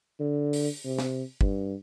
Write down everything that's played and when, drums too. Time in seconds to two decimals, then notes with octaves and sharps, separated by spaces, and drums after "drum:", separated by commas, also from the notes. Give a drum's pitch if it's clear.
0.20 D3
0.53 drum: open hi-hat
0.85 C3
0.99 drum: snare
1.41 G2, drum: kick